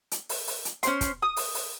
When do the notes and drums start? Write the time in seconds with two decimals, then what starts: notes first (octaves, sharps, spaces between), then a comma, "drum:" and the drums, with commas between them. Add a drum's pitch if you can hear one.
0.11 drum: hi-hat
0.29 drum: open hi-hat
0.47 drum: open hi-hat
0.65 drum: hi-hat
0.83 C#4 C5 C6, drum: hi-hat
1.01 drum: kick, hi-hat
1.23 D#6
1.37 drum: open hi-hat
1.54 drum: open hi-hat